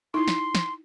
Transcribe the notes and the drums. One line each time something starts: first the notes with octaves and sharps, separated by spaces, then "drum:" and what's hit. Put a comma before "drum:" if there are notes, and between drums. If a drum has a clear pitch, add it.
D#4 E4 C6
drum: snare
drum: snare